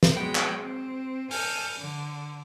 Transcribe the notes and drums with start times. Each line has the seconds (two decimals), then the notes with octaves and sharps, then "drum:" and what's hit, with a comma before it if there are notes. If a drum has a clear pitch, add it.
0.03 drum: snare
0.13 F#3 G#3 B3 G5
0.35 drum: clap
0.62 C4
1.31 A4 G#5 F6 G6, drum: open hi-hat
1.78 D3